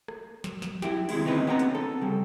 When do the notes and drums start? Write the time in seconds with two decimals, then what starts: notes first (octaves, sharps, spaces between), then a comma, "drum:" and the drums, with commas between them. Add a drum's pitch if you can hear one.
0.08 drum: rim click
0.44 drum: snare
0.62 drum: snare
0.82 E4 G4, drum: snare
1.09 D#2 C3 G#3 E4, drum: cymbal
1.25 D#2 D3 C4 C#4 D#4 B4
1.47 B3 C4 D4 E4 C#5 A#5
1.59 drum: hi-hat
1.75 A4
2.01 C#3 G3